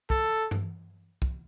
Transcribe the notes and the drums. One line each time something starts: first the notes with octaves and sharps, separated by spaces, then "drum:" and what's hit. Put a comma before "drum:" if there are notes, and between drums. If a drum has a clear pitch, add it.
A4, drum: kick
drum: tom G2
drum: kick